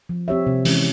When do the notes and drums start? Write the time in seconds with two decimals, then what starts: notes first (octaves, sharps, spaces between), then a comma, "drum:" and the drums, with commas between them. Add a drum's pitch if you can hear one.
0.09 F3
0.28 C4 G4 C#5 E5
0.47 C3
0.65 E3 G#3 C#4, drum: open hi-hat